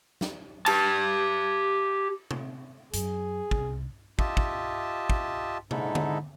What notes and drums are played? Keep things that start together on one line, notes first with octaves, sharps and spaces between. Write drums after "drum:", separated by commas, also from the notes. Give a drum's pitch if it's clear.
drum: snare
G4 A5, drum: cymbal
drum: tom C3
F#2 G#4, drum: hi-hat
C2, drum: kick
F4 G4 D#5 E5 A5, drum: kick
drum: kick
drum: kick
G#2 D3 G#3 D#4 E4 A4, drum: tom C3
drum: tom D3